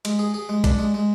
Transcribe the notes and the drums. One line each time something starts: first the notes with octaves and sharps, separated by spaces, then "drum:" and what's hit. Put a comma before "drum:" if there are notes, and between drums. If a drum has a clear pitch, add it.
G#3, drum: cymbal
G#4
G#4
G#3
D4, drum: kick, cymbal
G#3
G#3